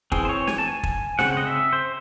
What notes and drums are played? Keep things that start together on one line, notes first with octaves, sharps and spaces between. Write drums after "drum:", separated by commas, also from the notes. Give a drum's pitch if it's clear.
E3 C4 G#4, drum: kick
C5
C#5
G#5, drum: snare
A5
G#5
drum: kick
C#3 G#3 C4 F#5, drum: snare
D#5
E5
C5